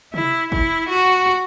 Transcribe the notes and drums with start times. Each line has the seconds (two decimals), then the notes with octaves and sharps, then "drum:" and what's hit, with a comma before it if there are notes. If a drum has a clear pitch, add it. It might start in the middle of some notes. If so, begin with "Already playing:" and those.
0.14 E4, drum: tom C3
0.52 E4, drum: kick
0.89 F#4